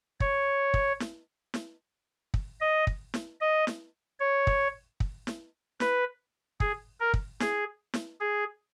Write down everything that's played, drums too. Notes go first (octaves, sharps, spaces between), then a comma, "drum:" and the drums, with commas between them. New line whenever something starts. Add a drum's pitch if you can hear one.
C#5, drum: kick
drum: kick
drum: snare
drum: snare
drum: kick
D#5
drum: kick
drum: snare
D#5
drum: snare
C#5
drum: kick
drum: kick
drum: snare
B4, drum: snare
G#4, drum: kick
A#4
drum: kick
G#4, drum: snare
drum: snare
G#4